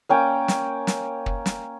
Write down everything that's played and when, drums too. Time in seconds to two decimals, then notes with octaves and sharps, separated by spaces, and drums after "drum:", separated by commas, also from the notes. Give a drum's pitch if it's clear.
0.09 A#3 C#4 G5
0.48 drum: snare
0.87 drum: snare
1.26 drum: kick
1.46 drum: snare